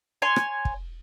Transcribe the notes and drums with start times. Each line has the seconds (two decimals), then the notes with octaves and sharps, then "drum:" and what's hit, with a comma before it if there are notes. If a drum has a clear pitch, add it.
0.22 C#5 G#5 C6
0.36 drum: rim click
0.65 drum: kick